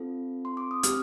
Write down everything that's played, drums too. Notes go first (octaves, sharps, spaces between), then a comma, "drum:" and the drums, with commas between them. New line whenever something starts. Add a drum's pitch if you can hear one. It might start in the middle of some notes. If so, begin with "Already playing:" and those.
Already playing: C4 F4 A4
C6
D6
D#6
C4 G4 F6, drum: hi-hat